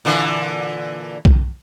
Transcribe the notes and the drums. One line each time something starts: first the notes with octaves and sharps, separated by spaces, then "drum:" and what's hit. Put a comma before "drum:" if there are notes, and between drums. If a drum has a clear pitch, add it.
A#2 D3 E3
drum: kick B1